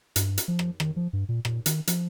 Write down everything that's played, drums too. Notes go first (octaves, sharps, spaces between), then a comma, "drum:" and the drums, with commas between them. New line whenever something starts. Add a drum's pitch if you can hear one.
G2, drum: hi-hat
drum: hi-hat
F3
drum: rim click
D#3, drum: rim click
F3
G2
A#2
A#2, drum: rim click
D#3, drum: hi-hat
F3, drum: hi-hat